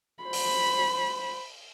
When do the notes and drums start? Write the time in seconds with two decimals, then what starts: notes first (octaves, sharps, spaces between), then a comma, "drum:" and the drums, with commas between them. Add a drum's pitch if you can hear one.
0.23 C5 B5
0.33 drum: open hi-hat